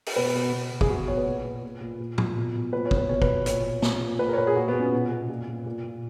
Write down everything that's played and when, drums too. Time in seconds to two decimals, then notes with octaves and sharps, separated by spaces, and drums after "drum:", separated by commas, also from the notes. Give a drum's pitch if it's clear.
0.06 drum: open hi-hat
0.16 B2 B4
0.35 B2
0.53 B2
0.72 B2
0.81 G#4, drum: kick
0.89 B2 F#4
1.07 B2 C#5
1.17 B4
1.27 A#2
1.45 A#2
1.63 A#2
1.81 A#2
2.00 A#2
2.18 A#2, drum: tom A2
2.36 B2
2.55 B2
2.73 A#2 B4
2.85 C#5
2.91 A#2, drum: kick
2.97 B4
3.09 B2 C#5
3.22 B4, drum: kick
3.28 B2
3.46 A#2 C#5, drum: hi-hat
3.64 A#2
3.82 A#2, drum: snare
4.01 A#2
4.19 A#2 B4
4.29 A#4
4.33 C#5
4.38 A#2 B4
4.47 G#4
4.56 A#2 F#4
4.68 B3
4.74 A#2
4.80 C#4
4.93 B2
5.11 B2
5.29 A#2
5.47 A#2
5.66 A#2
5.84 A#2